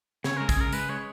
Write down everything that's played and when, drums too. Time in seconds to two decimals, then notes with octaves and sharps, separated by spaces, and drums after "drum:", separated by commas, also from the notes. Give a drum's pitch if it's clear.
0.24 C#3 C#5, drum: snare
0.37 G#3 A#4
0.49 G#4, drum: kick, tambourine
0.57 C#3 A#4
0.72 G#3 B4, drum: tambourine
0.89 G#3 C#5